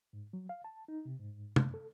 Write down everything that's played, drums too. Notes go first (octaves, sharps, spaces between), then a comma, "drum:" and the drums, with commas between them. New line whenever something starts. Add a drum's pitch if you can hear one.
G#2
F#3
F5
A5
D#4
C3
G#2
F#2, drum: tom
A4